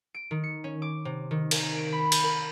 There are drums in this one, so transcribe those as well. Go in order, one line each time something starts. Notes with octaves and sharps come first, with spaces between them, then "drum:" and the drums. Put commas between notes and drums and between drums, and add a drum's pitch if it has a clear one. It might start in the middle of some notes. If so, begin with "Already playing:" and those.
D7
D#3
C#7
C#4
D6
C3
D#3
A#4, drum: cymbal
D7
B5
drum: cymbal
A#4